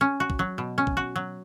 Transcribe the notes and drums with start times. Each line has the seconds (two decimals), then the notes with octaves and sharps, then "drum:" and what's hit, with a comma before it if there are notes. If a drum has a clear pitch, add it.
0.01 C#4
0.20 F#4
0.30 drum: kick
0.39 F#3
0.58 B2
0.78 C#4
0.87 drum: kick
0.97 F#4
1.16 F#3